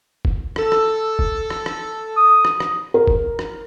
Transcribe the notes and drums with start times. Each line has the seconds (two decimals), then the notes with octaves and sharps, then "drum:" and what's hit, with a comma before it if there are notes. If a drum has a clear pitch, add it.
0.25 drum: kick
0.56 A4, drum: rim click
0.72 drum: rim click
1.19 drum: kick
1.50 drum: rim click
1.66 drum: rim click
2.17 D#6
2.45 drum: rim click
2.60 drum: rim click
2.94 A#4
3.08 drum: kick
3.39 drum: rim click